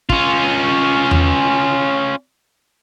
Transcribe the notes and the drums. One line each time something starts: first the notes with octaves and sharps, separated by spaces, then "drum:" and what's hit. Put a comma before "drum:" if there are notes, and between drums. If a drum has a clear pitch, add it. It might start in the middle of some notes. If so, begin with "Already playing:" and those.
C#4 F4, drum: kick
drum: tom E2